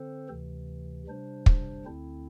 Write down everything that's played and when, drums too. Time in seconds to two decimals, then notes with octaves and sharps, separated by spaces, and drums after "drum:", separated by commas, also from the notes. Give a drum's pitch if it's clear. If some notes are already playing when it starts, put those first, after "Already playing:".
Already playing: D3 C4 A4 C5
0.28 D2 C3 E3
1.07 C3 G3 D4 C5
1.46 drum: kick
1.85 D2 D3 C4 E4